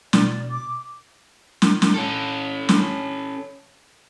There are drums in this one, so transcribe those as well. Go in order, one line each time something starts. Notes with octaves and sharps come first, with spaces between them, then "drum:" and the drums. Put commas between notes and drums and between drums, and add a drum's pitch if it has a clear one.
B2 D5, drum: snare
D6
drum: snare
drum: snare
C#4 A4
drum: snare